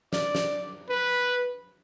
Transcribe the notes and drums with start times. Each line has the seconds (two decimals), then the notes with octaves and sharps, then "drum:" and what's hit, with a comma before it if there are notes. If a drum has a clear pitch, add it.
0.13 D5, drum: snare
0.35 drum: snare
0.89 B4